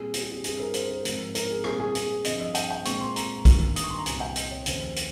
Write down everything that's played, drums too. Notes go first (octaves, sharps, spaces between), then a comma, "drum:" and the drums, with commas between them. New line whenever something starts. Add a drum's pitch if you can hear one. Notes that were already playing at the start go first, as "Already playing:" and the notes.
Already playing: A#2 G3 C4 G#4
G4, drum: hi-hat
G#4
G4
G2 G3 C4 G#4, drum: hi-hat
A#4
C5, drum: hi-hat
A#4
G#2 F3 C4, drum: hi-hat
A#4, drum: hi-hat
G#4
A#2 G3 C4 G#4, drum: rim click
G#4
G#4, drum: hi-hat
G2 F3 C4 D#5, drum: hi-hat
D#5
G5, drum: hi-hat
G5
A#2 G#3 C4 C#6, drum: hi-hat
C6
A#5, drum: hi-hat
G2 D#3 A#3, drum: kick, hi-hat
D#6, drum: hi-hat
C#6
C6
A#5
C2 A#2 G3 C4 G#5, drum: hi-hat
G5
D#5, drum: hi-hat
C#5
D#2 C#3 F3 C5, drum: hi-hat
drum: hi-hat